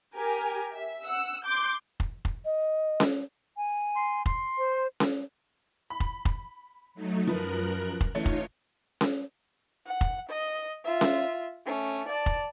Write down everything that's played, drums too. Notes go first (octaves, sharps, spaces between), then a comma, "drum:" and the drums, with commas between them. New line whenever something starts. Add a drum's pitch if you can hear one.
G4 A#4 G#5
E5
F#5 E6
C6 D6 G6
drum: kick F1
drum: kick F1
D#5
drum: snare C#4
G#5
C6
C6, drum: kick F1
C5
drum: snare C#4
B5
drum: kick F1
drum: kick F1
F#3 A3 D#4
F#2 F3 A#4 B4 F#6
drum: kick F1
E3 A3 C#4 D#4 F4 C#5
drum: kick F1
drum: snare C#4
F#5
drum: kick F1
D#5
F4 E5
drum: snare C#4
A3 C#4
D5 A5
drum: kick F1